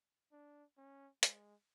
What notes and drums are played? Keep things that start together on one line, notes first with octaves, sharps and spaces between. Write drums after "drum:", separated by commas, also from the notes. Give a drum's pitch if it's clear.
D4
C#4
G#3, drum: hi-hat